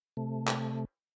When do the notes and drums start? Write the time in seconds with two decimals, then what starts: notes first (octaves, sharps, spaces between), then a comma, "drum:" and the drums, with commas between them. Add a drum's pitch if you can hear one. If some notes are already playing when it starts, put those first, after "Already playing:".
0.17 C3 A3
0.47 drum: clap